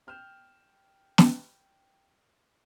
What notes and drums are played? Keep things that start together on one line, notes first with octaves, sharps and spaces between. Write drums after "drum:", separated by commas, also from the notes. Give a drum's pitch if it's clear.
G5 F6 G6 E7
drum: snare